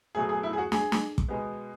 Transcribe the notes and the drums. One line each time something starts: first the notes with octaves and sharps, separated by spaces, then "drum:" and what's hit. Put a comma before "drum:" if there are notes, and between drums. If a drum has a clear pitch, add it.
B2 F#3 A3 G#4
G#4
E4
G#4
F#4
G#4, drum: snare
drum: snare
drum: kick
B2 G#3 B3